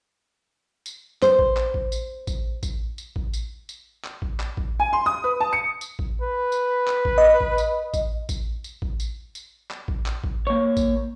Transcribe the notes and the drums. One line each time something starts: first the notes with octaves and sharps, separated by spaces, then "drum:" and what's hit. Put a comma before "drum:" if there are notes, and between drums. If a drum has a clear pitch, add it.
drum: tambourine
C5, drum: clap
drum: kick A1
drum: clap
drum: kick A1
drum: tambourine
drum: kick A1, tambourine
drum: kick A1, tambourine
drum: tambourine
drum: kick A1
drum: tambourine
drum: tambourine
drum: clap
drum: kick A1
drum: clap
drum: kick A1
G#5
C6
D#6
B4
A5
C#7
drum: tambourine
drum: kick A1
B4
drum: tambourine
drum: clap
drum: kick A1
D#5
drum: kick A1
drum: tambourine
drum: kick A1, tambourine
drum: kick A1, tambourine
drum: tambourine
drum: kick A1
drum: tambourine
drum: tambourine
drum: clap
drum: kick A1
drum: clap
drum: kick A1
A#3 C#5
drum: kick A1, tambourine